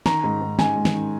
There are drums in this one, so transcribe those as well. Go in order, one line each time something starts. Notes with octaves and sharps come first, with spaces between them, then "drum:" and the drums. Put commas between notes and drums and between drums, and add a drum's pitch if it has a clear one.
D#3 A#5, drum: snare
G#2
G#2
G#2 G#5, drum: snare
G#3
drum: snare
D#3